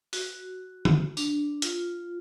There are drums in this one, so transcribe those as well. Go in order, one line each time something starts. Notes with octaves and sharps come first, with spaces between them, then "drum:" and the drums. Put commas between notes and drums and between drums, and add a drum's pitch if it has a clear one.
F#4, drum: open hi-hat
drum: tom D3
D4, drum: tambourine
F4, drum: hi-hat